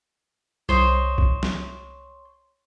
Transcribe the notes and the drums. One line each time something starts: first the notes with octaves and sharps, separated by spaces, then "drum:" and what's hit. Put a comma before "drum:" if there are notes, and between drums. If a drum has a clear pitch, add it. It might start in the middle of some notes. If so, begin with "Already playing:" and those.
C2 C5 C#5 D#5
drum: kick B1
drum: snare